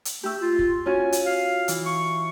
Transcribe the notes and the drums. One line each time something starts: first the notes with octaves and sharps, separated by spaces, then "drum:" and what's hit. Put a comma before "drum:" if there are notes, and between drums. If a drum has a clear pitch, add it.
drum: hi-hat
A3 G4 E6
F4
drum: kick
C#4 F4 F#4 G#5
drum: hi-hat
F5
E3, drum: hi-hat
C#6